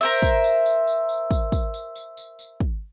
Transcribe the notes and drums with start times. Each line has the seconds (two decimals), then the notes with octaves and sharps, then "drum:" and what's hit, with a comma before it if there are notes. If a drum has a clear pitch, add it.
0.01 A#4 C5 E5
0.22 drum: kick, tambourine
0.44 drum: tambourine
0.66 drum: tambourine
0.87 drum: tambourine
1.09 drum: tambourine
1.31 drum: kick, tambourine
1.52 drum: kick, tambourine
1.74 drum: tambourine
1.96 drum: tambourine
2.17 drum: tambourine
2.39 drum: tambourine
2.60 drum: kick